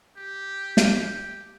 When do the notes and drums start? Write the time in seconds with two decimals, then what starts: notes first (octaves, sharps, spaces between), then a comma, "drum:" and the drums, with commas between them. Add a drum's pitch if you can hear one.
0.17 G4
0.77 drum: snare
0.95 G4